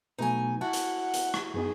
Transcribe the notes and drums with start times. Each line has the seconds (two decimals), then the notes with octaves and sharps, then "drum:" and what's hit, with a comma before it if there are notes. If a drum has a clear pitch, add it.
0.18 B2 F#3 A3 D#4 B4 G#5
0.61 E4 F#4 F#5 A5
0.73 drum: hi-hat
1.14 drum: hi-hat
1.34 drum: rim click
1.54 F#2 B3 D#4 G#4